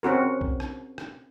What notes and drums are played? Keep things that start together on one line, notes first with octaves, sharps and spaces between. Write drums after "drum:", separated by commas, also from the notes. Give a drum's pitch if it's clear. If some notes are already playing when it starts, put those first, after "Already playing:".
C4 C#4 F#4 A#4
drum: kick B1
drum: rim click
drum: rim click